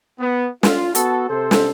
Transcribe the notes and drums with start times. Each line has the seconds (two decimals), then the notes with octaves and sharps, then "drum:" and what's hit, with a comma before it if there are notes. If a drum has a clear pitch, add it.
0.19 B3
0.63 F4, drum: snare
0.95 B3 F#4 A4, drum: hi-hat
1.30 C3 A4 C5
1.51 drum: snare